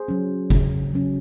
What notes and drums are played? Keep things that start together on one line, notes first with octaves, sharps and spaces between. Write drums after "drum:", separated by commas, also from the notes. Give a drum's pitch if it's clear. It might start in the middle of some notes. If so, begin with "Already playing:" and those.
Already playing: G#4 C5
F#3 C#4
C#3, drum: kick F1
F#3 C#4